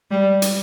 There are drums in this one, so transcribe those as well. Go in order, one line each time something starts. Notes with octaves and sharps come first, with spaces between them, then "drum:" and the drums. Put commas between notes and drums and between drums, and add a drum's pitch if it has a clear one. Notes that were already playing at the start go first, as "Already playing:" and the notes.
G3
drum: hi-hat